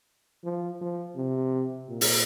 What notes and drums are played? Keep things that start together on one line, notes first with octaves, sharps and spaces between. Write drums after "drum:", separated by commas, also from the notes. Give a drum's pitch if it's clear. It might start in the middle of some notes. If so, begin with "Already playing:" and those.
F3
F3
C3
A#2
drum: open hi-hat